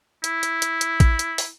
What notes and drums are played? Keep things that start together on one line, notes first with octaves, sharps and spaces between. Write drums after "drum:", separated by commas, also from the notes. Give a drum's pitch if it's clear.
E4, drum: hi-hat
drum: hi-hat
drum: hi-hat
drum: hi-hat
drum: kick A1, hi-hat
drum: hi-hat
drum: open hi-hat